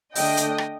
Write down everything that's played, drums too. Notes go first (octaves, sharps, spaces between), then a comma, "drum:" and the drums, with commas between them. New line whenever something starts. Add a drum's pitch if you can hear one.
D3 A3 D4 D#5 G5, drum: open hi-hat
drum: hi-hat
drum: rim click